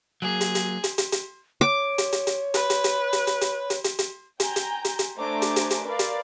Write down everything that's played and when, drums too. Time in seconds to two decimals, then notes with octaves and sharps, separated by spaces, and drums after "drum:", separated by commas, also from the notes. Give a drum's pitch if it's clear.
0.22 F#3 A#3 G#4
0.41 drum: hi-hat
0.55 drum: hi-hat
0.84 drum: hi-hat
0.98 drum: hi-hat
1.12 drum: hi-hat
1.61 C#5 D6
1.98 drum: hi-hat
2.12 drum: hi-hat
2.27 drum: hi-hat
2.54 B4, drum: hi-hat
2.70 drum: hi-hat
2.84 drum: hi-hat
3.13 drum: hi-hat
3.27 drum: hi-hat
3.41 drum: hi-hat
3.70 drum: hi-hat
3.84 drum: hi-hat
3.99 drum: hi-hat
4.40 G5 G#5 A#5 G6, drum: hi-hat
4.56 drum: hi-hat
4.85 drum: hi-hat
4.99 drum: hi-hat
5.17 A3 D4 C5 G#5 A#5 D6
5.42 drum: hi-hat
5.56 drum: hi-hat
5.70 drum: hi-hat
5.85 A#4 B4 D5 F5
5.99 drum: hi-hat